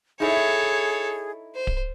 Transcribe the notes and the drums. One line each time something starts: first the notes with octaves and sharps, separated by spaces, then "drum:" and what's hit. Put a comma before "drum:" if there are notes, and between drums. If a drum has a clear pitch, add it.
D#4 E4 G#4 A4 C#5
C5
drum: kick D1